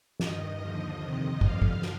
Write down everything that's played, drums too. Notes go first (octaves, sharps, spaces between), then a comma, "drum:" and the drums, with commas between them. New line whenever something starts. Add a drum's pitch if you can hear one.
G2 D#3 D#5, drum: snare
D#2 D3 F3
F2 C3 D#3
G2 D3 F3 F5, drum: kick
drum: kick
drum: snare